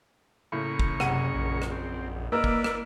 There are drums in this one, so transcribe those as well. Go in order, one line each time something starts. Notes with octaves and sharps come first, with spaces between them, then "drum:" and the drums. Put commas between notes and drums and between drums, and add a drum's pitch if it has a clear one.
A2 C#3 A#3 C#6
drum: kick
F#1 C3 F#5 D#7, drum: rim click
A#1
drum: rim click
C4
A#3 E4 A#4 B4 D5 D#5 E6
drum: kick
drum: rim click